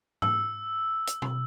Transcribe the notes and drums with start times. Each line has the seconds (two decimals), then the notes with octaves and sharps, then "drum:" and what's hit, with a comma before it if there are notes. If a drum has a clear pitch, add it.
0.22 E6, drum: tom G#2
1.07 drum: hi-hat
1.22 drum: tom